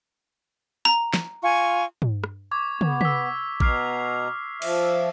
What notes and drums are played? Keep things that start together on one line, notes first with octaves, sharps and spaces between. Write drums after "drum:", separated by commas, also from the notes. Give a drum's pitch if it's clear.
A#5
drum: snare
F4 G#5 C#6
drum: tom
drum: rim click
C#6 D6 G#6
B3, drum: tom
E6 B6, drum: tom
B2 A#5 D6 F6 C7, drum: kick A1
F3 E5, drum: cymbal